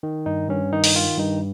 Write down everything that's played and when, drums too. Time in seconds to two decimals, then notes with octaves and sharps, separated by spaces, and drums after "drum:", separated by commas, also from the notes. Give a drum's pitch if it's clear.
0.03 D#3
0.26 G2 D#4
0.49 G2 C#4
0.72 D#3 D#4
0.84 drum: open hi-hat
0.95 D#3 F4
1.18 G2 D#4